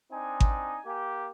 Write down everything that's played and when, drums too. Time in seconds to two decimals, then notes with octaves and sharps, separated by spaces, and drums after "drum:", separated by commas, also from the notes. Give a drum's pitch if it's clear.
0.12 C4 D4 D#4 G#5
0.40 drum: kick G#1
0.86 A#3 G4